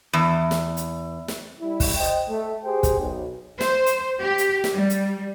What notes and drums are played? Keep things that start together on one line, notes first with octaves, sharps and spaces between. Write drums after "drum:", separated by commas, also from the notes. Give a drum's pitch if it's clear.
E2
drum: snare
drum: hi-hat
drum: snare
G3 E4
drum: kick, open hi-hat
C5 D#5 G5
A3
G4 G#4 C5 G5
drum: kick, hi-hat
B1
C5, drum: snare
drum: hi-hat
G4
drum: hi-hat
drum: snare
G3
drum: hi-hat